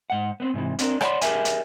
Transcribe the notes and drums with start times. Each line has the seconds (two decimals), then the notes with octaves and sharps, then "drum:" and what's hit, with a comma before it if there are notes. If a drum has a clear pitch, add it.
0.10 G#2 F#5
0.40 B3 C4
0.54 G#2 C3 D#3 E3
0.79 C4 D4 A#4, drum: hi-hat
1.01 C#5 D5 F#5 A5 B5 C6, drum: rim click
1.21 G4 G#4 A#4 B4 E5 G#5, drum: hi-hat
1.45 drum: hi-hat